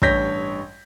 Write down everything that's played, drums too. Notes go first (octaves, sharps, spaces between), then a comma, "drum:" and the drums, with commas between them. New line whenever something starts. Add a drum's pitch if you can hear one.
A1 G2 C#5 G6 A#6 B6, drum: kick